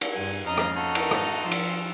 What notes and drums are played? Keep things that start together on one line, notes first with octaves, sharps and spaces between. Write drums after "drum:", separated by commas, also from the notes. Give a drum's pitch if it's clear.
drum: cymbal
G2 G#5 G#6
F2 C#3 D#5 F5 A#5
drum: rim click
D#4 F#4 A4
drum: cymbal
F5, drum: rim click
F3 F4 E6
drum: cymbal